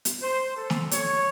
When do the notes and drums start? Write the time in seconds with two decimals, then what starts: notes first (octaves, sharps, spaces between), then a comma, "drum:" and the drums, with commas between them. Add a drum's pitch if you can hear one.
0.05 drum: hi-hat
0.22 C5
0.56 A4
0.70 drum: snare
0.91 C#5, drum: hi-hat